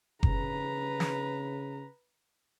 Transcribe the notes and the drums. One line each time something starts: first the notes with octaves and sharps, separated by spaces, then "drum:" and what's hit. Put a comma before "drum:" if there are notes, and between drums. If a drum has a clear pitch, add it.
C#3 B4 A#5, drum: kick F#1
drum: snare